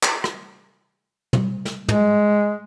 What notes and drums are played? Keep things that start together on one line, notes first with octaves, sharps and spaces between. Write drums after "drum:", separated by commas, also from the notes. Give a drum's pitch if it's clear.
drum: clap
drum: rim click
drum: tom
drum: snare
G#3, drum: tom